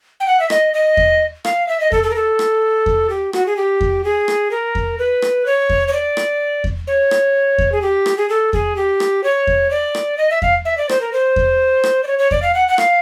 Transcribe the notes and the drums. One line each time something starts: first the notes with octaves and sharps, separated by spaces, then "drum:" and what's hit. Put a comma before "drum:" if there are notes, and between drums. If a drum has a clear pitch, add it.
G5
F#5
E5
D#5, drum: rim click
D#5
drum: kick E2
F5, drum: rim click
E5
D#5
A4, drum: kick E2
A4
A#4
A4
drum: rim click
drum: kick E2
G4
F#4, drum: rim click
G#4
G4
drum: kick E2
G#4
drum: rim click
A#4
drum: kick E2
B4
drum: rim click
C#5
drum: kick E2
C#5
D5
drum: rim click
drum: kick E2
C#5
drum: rim click
drum: kick E2
G#4
G4
drum: rim click
G#4
A4
G#4, drum: kick E2
G4
drum: rim click
C#5
drum: kick E2
D5
drum: rim click
D#5
E5
F5, drum: kick E2
E5
D5
C5, drum: rim click
A#4
C5
drum: kick E2
drum: rim click
D5
C#5
C#5
D5, drum: kick E2
F5
F#5
F#5
F5, drum: rim click